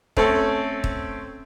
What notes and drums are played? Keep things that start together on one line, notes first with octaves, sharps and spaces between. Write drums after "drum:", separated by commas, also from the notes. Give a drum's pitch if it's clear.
A3 C4 C#4 A4, drum: kick
drum: kick